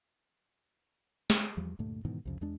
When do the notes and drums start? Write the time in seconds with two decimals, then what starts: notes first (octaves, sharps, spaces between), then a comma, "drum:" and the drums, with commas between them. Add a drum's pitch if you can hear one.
1.30 drum: snare
1.57 E2 F3 G3
1.79 D2 G2 A#2 A3
2.05 G#2 B2 D#3 E3
2.25 C2 F2 C#3
2.41 E2 G#3 D4